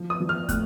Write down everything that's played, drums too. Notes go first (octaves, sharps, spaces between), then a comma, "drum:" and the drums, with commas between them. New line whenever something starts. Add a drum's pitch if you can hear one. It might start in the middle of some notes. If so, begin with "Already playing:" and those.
Already playing: F3
D#6
F3
F6
A2 F#6, drum: kick, hi-hat